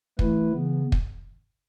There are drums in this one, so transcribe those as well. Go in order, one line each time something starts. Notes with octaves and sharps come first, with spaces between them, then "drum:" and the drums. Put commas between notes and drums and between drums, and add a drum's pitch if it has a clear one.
E3 A3 E4 B4, drum: kick
C#3 E3 B3
drum: kick